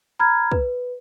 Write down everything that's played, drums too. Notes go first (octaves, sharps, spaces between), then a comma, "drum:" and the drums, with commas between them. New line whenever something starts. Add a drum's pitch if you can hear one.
A#5 B5 F6 G#6
B4, drum: kick